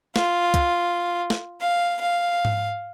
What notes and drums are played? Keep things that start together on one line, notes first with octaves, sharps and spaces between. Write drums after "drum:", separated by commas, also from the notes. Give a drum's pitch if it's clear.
F4, drum: snare
drum: kick, hi-hat
drum: snare
F5
F5
drum: tom G#2